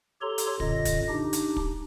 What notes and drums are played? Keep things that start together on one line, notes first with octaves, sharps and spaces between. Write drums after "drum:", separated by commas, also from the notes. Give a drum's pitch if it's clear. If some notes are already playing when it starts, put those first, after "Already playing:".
G4 A4 C#5 A#5 C6
drum: hi-hat
F#2 A#2 D3 D#5 A#6, drum: kick
drum: kick, hi-hat
D4 D#4 G4
drum: hi-hat
drum: kick